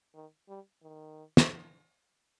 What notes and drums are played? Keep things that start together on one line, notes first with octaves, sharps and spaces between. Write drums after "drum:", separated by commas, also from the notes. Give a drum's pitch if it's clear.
D#3
G3
D#3
drum: snare